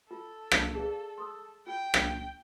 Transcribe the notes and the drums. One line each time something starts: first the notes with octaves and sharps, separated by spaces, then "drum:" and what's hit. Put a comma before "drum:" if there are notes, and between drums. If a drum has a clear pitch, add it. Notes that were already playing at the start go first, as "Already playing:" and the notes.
F4 A4
drum: rim click
G#4 D5 F5
C6 D#6 E6
F4 G5
drum: rim click